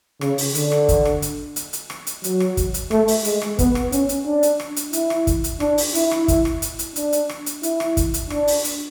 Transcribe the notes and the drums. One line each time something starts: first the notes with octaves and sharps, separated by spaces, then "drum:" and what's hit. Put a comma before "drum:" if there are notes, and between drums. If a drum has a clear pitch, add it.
C#3, drum: rim click
drum: open hi-hat
D3, drum: hi-hat
drum: rim click
drum: kick, hi-hat
drum: rim click
drum: hi-hat
drum: hi-hat
drum: hi-hat
drum: rim click
drum: hi-hat
F#3, drum: hi-hat
drum: rim click
drum: kick, hi-hat
drum: hi-hat
A3, drum: rim click
drum: open hi-hat
G#3, drum: hi-hat
drum: rim click
B3, drum: kick, hi-hat
drum: rim click
C#4, drum: hi-hat
drum: hi-hat
D4
drum: hi-hat
drum: rim click
drum: hi-hat
E4, drum: hi-hat
drum: rim click
drum: kick, hi-hat
drum: hi-hat
D4, drum: rim click
drum: open hi-hat
E4, drum: hi-hat
drum: rim click
drum: kick, hi-hat
drum: rim click
drum: hi-hat
drum: hi-hat
D4, drum: hi-hat
drum: hi-hat
drum: rim click
drum: hi-hat
E4, drum: hi-hat
drum: rim click
drum: kick, hi-hat
drum: hi-hat
D4, drum: rim click
drum: open hi-hat
drum: hi-hat